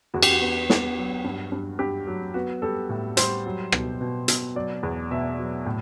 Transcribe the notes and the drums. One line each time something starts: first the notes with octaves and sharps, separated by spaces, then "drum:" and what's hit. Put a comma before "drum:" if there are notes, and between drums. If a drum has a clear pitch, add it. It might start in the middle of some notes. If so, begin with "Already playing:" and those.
E2 F#4
G4, drum: cymbal
F#4
B3
B3, drum: snare
F#3
G2
G2
G2 G4
F#3
B3 F#4
G3 A4
A2
G3 C5, drum: hi-hat
F#3
B2, drum: rim click
B2
B2, drum: hi-hat
F#3 D5
E2
B2 E5
F#3
A2